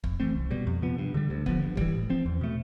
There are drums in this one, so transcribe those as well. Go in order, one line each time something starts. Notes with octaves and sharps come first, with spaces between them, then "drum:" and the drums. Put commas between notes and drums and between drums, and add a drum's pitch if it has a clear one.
F2, drum: kick
E3 A3 C4
C2
B2 G3
F2
C3 F3 B3
G2
D3 G3
D2
D3 F3 B3, drum: kick
G2
E3 G3, drum: kick
A2
F3 C4
E2
B2 A3